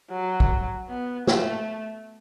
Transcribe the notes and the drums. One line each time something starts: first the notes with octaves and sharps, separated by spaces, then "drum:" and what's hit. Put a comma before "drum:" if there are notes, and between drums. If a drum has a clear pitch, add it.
F#3
drum: kick
B3
A3, drum: snare